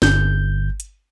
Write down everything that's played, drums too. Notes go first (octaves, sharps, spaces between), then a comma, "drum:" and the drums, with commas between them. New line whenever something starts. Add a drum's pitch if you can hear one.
G1 G6, drum: snare
drum: hi-hat